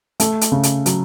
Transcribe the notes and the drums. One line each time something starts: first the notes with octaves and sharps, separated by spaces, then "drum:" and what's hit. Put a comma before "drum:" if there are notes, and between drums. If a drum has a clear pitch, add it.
A3, drum: hi-hat
drum: hi-hat
C#3
drum: hi-hat
F#3, drum: hi-hat